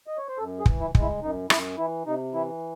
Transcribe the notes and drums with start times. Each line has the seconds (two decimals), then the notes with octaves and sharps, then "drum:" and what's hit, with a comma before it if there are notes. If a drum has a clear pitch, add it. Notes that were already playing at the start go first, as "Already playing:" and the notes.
0.07 D#5
0.18 C#5
0.28 C5
0.38 F#2 A4
0.59 G#4
0.66 E3, drum: kick
0.80 E4
0.95 G#3, drum: kick
1.01 E4
1.21 F#2 D#4
1.50 F#2 E4, drum: rim click
1.78 E3 E4
2.06 C3 D#4
2.34 E3 E4